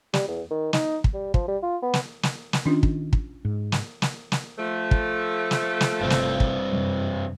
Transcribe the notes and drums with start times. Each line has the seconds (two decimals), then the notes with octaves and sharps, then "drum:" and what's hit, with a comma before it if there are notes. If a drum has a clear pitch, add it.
0.14 G3, drum: snare
0.28 E2
0.51 D#3
0.73 D#4, drum: snare
1.04 drum: kick
1.14 G3
1.34 F3, drum: kick
1.48 G3
1.63 F4
1.82 B3
1.94 drum: snare
2.23 drum: snare
2.53 drum: snare
2.66 D#3 C#4 D4 F4
2.83 drum: kick
3.13 drum: kick
3.45 G#2
3.72 drum: snare
4.02 drum: snare
4.32 drum: snare
4.57 F3 A3
4.91 drum: kick
5.51 drum: snare
5.81 drum: snare
6.01 G1 G2 C3 C4
6.10 drum: snare
6.40 drum: kick
6.73 F#2 C3 G3